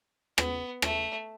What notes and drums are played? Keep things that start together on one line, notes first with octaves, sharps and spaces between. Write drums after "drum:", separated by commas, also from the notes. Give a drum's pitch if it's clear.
B3, drum: rim click
A3, drum: rim click